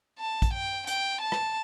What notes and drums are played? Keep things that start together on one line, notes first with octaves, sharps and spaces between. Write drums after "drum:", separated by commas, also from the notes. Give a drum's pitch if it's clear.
A5
drum: kick, hi-hat
G5
G5, drum: hi-hat
A5
drum: rim click